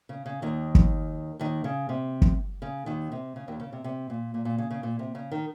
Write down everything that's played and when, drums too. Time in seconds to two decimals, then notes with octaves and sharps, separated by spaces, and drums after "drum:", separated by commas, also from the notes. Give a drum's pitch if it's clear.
0.09 C#3
0.26 C#3
0.42 D#2 D#3
0.75 drum: kick
1.39 D#2 D#3
1.64 C#3
1.89 C3
2.22 drum: kick
2.62 C#3
2.86 D#2 D#3
3.12 C3
3.36 C#3
3.48 D#2 D#3
3.60 C#3
3.73 C3
3.84 C3
4.10 A#2
4.34 A#2
4.45 A#2
4.58 C#3
4.71 C#3
4.83 A#2
4.99 C3
5.15 C#3
5.31 D#3